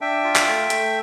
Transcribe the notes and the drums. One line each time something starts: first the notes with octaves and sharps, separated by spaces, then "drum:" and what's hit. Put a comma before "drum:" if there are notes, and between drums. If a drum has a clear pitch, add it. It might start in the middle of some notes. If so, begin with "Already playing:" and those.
D4 E5 G5
F4
drum: clap
A3
A3, drum: hi-hat